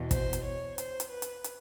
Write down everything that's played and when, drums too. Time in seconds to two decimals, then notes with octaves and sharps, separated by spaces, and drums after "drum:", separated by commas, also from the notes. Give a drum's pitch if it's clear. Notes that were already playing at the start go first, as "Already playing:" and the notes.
Already playing: E2 B2
0.11 C5, drum: kick, hi-hat
0.33 drum: hi-hat
0.44 C#5
0.78 C5, drum: hi-hat
1.00 drum: hi-hat
1.11 B4
1.22 drum: hi-hat
1.44 drum: hi-hat